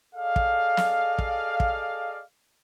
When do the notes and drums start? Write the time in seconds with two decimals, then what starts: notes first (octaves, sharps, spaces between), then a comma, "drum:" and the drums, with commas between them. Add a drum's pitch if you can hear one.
0.15 G#4 A4 D5 D#5 F5
0.36 drum: kick
0.77 drum: snare
1.19 drum: kick
1.60 drum: kick